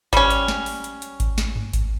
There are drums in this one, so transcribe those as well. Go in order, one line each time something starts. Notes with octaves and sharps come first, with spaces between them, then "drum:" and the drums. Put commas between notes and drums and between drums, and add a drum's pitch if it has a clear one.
G3 C#4, drum: kick G#1, hi-hat
drum: hi-hat
drum: snare
drum: open hi-hat
drum: hi-hat
drum: hi-hat
drum: kick G#1, hi-hat
drum: snare
drum: tom G2
drum: kick G#1, hi-hat